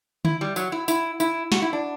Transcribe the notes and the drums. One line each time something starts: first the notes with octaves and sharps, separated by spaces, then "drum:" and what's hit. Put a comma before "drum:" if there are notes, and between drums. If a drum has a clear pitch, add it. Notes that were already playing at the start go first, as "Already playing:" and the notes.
E4, drum: tom D3
G3
F#3, drum: tambourine
E4
E4, drum: tambourine
E4, drum: tambourine
F#4, drum: snare
E4
D4